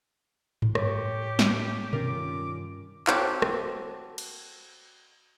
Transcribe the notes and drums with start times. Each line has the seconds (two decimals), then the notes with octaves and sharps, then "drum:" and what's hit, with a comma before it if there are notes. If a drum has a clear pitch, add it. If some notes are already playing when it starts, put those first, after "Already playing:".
0.62 drum: tom G2
0.75 A2 G3 G4 C#5, drum: rim click
1.39 drum: snare
1.93 G2 D#3 C#4 F4 A#4 D6, drum: tom B2
3.07 C4 F#4 G4 A4 C#5, drum: clap
3.42 drum: rim click
4.18 drum: cymbal